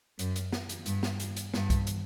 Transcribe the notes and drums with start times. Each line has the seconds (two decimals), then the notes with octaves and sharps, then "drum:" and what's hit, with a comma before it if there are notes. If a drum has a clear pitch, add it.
0.19 F#2, drum: hi-hat
0.36 drum: hi-hat
0.53 drum: snare
0.69 drum: hi-hat
0.86 G2, drum: hi-hat
1.03 drum: snare
1.20 drum: hi-hat
1.36 drum: hi-hat
1.54 G2, drum: snare
1.70 drum: kick B1, hi-hat
1.87 drum: hi-hat